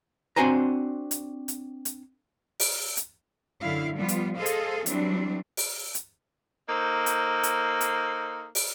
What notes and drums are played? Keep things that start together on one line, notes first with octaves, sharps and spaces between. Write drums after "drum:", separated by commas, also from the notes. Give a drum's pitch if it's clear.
C4 D4 F#4 C5 G#5 A#5
drum: hi-hat
drum: hi-hat
drum: hi-hat
drum: open hi-hat
drum: hi-hat
F#2 D3 E4 F5
F3 G3 B3 F4
drum: hi-hat
G#4 A4 C5 D#5 F5
drum: hi-hat
E3 F#3 G3 C4 D4, drum: hi-hat
drum: open hi-hat
drum: hi-hat
A#3 D#4 A4 C5
drum: hi-hat
drum: hi-hat
drum: hi-hat
drum: open hi-hat